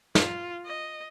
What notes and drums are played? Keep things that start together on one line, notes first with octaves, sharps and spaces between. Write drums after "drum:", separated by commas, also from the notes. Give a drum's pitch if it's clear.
F4, drum: snare
D#5